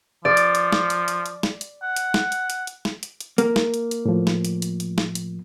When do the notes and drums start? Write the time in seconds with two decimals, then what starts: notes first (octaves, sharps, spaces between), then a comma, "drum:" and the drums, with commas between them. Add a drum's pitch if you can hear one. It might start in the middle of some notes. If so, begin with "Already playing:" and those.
0.25 F3 D5
0.37 drum: hi-hat
0.55 drum: hi-hat
0.72 drum: snare
0.90 drum: hi-hat
1.08 drum: hi-hat
1.26 drum: hi-hat
1.43 drum: snare
1.61 drum: hi-hat
1.83 F#5
1.96 drum: hi-hat
2.14 drum: snare
2.32 drum: hi-hat
2.50 drum: hi-hat
2.67 drum: hi-hat
2.85 drum: snare
3.03 drum: hi-hat
3.21 drum: hi-hat
3.38 A#3, drum: hi-hat
3.56 drum: snare
3.74 drum: hi-hat
3.91 drum: hi-hat
4.05 A2 F3
4.27 drum: snare
4.45 drum: hi-hat
4.62 drum: hi-hat
4.80 drum: hi-hat
4.98 drum: snare
5.15 drum: hi-hat